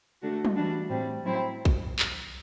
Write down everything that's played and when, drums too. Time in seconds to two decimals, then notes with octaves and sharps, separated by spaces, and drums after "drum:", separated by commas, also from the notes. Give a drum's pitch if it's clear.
0.22 D3 A3 D4 F#4
0.45 drum: tom F#3
0.56 E3 G3 D4 F#4
0.89 A2 G3 C4
1.23 F#3 C4 E4
1.65 drum: kick
1.99 drum: clap